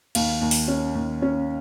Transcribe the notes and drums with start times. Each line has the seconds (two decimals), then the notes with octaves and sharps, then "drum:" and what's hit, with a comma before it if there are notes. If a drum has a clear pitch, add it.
0.15 D#2 F5, drum: cymbal
0.41 D#2
0.51 drum: open hi-hat
0.68 C#4
0.95 D#2
1.22 C#4